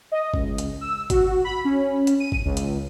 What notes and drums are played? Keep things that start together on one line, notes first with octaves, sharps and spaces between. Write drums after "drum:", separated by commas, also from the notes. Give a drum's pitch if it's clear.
D#5
C#2, drum: kick
drum: hi-hat
E6
F#4, drum: kick, hi-hat
B5
C#4
drum: hi-hat
D#7
drum: kick
C#2
drum: hi-hat